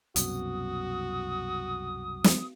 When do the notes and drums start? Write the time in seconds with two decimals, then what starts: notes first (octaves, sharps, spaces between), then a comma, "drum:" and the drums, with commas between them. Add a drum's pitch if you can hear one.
0.16 C2 F#2 B2 F#4 D#6, drum: hi-hat
2.24 drum: snare